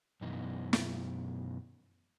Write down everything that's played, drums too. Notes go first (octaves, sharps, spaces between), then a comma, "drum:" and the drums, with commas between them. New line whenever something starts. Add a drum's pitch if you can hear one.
F#2 B2 E3 D#4
drum: snare